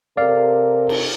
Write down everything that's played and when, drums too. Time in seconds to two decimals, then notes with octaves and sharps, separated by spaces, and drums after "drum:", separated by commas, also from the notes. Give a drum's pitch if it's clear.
0.17 C3 A4 A#4 D5 F5
0.89 drum: cymbal